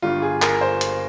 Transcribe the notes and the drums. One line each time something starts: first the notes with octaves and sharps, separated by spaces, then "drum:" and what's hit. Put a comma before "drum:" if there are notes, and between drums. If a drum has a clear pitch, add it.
G1 G2 G3 F4
G#4
A#4, drum: clap
C5
drum: hi-hat